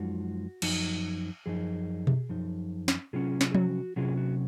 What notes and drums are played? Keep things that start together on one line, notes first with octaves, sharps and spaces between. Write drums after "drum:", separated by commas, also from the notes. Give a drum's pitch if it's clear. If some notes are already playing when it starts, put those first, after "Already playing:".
Already playing: F#2 F3 G#3 D#4 F#4
F#2 F3 D#4, drum: cymbal
F#2 F3 D#4 G#4
drum: tom B2
F#2 F3 D#4
drum: snare
C3 F#3 C#4 F4 G#4
drum: snare
G#4
F#4, drum: tom F3
C3 F#3 C#4 F4 G#4
F#4